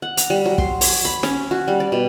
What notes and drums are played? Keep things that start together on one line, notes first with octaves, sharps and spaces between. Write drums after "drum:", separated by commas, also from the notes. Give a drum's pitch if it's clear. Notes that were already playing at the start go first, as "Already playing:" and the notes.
F#5
A#5, drum: hi-hat
G3
F#3
C6, drum: kick
C#5, drum: open hi-hat
B5
C#4, drum: snare
F#4
G3
D5
B2